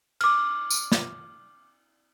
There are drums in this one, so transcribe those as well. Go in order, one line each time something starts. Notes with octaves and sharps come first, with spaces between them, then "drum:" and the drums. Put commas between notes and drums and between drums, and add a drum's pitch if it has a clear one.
D6 F6, drum: cymbal
drum: tambourine
drum: snare